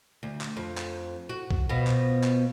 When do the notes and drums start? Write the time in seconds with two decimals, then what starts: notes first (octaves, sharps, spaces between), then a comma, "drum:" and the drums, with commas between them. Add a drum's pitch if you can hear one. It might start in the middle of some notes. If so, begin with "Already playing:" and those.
0.23 D2
0.41 drum: clap
0.57 F2
0.78 drum: clap
1.29 F#4
1.51 drum: kick C2
1.69 B2 F3 B3
1.87 drum: clap
2.24 drum: clap